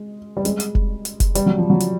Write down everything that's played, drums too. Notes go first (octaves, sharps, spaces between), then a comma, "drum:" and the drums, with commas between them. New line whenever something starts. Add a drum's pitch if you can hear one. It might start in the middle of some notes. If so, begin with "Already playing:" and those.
Already playing: G#3
G3
G#3, drum: hi-hat
drum: hi-hat
drum: kick F1
drum: hi-hat
drum: kick F1, hi-hat
G3, drum: hi-hat
F#3
F3
F#3
drum: hi-hat